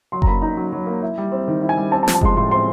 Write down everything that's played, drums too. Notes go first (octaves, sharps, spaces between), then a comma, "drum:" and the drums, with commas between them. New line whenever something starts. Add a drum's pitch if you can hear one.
F#3 C6
A#5, drum: kick F#1
A#3 B5
D#4 A#5
F#3
F#3
A#3
E4
G3
C4
D#3
E4
G#5
G3
C4 A5
A5
F3, drum: snare
A5
G#3 C6, drum: kick F#1
A2 C6
C4 C6